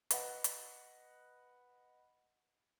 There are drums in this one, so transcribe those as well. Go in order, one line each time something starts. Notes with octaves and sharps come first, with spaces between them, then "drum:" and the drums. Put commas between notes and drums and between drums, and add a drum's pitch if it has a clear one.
B4 D#5 F#5, drum: hi-hat
drum: hi-hat